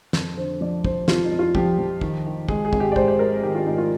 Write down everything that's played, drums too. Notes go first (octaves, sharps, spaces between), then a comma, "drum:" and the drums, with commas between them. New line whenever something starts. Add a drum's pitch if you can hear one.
F2, drum: snare
D3 C5
F3 D5
F3 C5, drum: kick
F2 F4, drum: snare
D#4
F2
F4
F3 G4, drum: kick
F3
D#3, drum: kick
D#3
G#3 G#4, drum: kick
G#4
G#1, drum: kick
G4
D5
G#2 C5, drum: kick
C5
G#3 A#4
D#3 G4
F4
G#1 D#4
F4